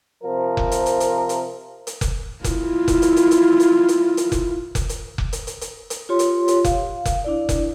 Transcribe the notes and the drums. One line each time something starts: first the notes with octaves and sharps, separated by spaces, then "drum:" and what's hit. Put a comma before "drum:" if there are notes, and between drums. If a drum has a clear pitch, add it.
C3 F3 A#4
drum: kick F1
drum: hi-hat
drum: hi-hat
drum: hi-hat
drum: hi-hat
drum: hi-hat
drum: kick F1, hi-hat
E4 F4, drum: kick F1, hi-hat
drum: kick F1, hi-hat
drum: hi-hat
drum: hi-hat
drum: hi-hat
drum: hi-hat
drum: hi-hat
drum: hi-hat
drum: kick F1, hi-hat
drum: kick F1, hi-hat
drum: hi-hat
drum: kick F1
drum: hi-hat
drum: hi-hat
drum: hi-hat
drum: hi-hat
F4 G4 C#5 C6
drum: hi-hat
drum: hi-hat
F5, drum: kick F1, hi-hat
drum: kick F1, hi-hat
D4 E4 D5
drum: kick F1, hi-hat